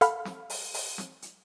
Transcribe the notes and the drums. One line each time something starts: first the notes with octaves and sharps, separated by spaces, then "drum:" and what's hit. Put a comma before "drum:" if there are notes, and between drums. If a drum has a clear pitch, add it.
A4 F5 F#5 B5 F6, drum: hi-hat
drum: snare
drum: open hi-hat
drum: open hi-hat
drum: snare
drum: hi-hat